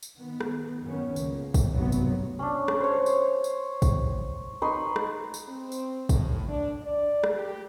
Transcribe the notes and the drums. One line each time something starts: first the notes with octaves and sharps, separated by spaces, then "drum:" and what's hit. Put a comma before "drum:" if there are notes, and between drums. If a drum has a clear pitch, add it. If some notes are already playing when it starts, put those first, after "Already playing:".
drum: tambourine
D#3 B3
drum: rim click
F#2 D#3 B3 C#4
C#2 C#3 A#3, drum: tambourine
drum: kick, tambourine
F1 B1 G2 C3 F#3 B3
drum: tambourine
C#4 D4
drum: rim click
C5 C#5
drum: tambourine
drum: tambourine
drum: kick, tambourine
D#4 B4 C6 C#6
drum: rim click
drum: tambourine
C4
drum: tambourine
A2, drum: kick, tambourine
D4
D5
drum: rim click
G4